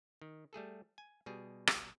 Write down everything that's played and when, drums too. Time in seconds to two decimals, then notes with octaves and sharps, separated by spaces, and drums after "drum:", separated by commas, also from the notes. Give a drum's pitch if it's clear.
0.22 D#3
0.53 G3 A3 G#4 A4
0.98 G#5
1.26 B2 G3 G#4
1.67 drum: rim click